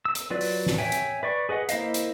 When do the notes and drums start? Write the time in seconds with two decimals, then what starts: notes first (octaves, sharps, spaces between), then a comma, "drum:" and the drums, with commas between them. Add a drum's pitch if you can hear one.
0.05 E6
0.15 drum: hi-hat
0.30 F#3 F4 B4 D5
0.41 drum: open hi-hat
0.66 drum: snare
0.78 C#5 E5 G5 G#5
0.92 drum: hi-hat
1.23 B4 D5 C#6
1.49 G#4 B4 D#5 F#5
1.69 A#3 E4 C5 D#5 F5, drum: hi-hat
1.94 drum: hi-hat